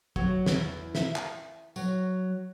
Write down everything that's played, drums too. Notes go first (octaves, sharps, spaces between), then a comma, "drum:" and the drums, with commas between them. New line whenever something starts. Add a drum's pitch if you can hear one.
F#3, drum: kick
E2, drum: snare
E5, drum: snare
drum: clap
F#3, drum: tambourine